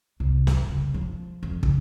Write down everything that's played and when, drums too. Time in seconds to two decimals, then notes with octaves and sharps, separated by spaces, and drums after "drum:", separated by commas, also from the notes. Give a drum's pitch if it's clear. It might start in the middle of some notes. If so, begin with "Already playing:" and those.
0.20 C2
0.47 G2, drum: snare
0.69 C#3
0.94 F3
1.43 F2
1.63 C#3, drum: kick